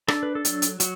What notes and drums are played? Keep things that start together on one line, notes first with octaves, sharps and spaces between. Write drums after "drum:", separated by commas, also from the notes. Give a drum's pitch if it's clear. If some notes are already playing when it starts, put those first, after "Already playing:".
D4 A4, drum: rim click
B4
A4
F#3, drum: hi-hat
drum: hi-hat
F#3 F#4, drum: hi-hat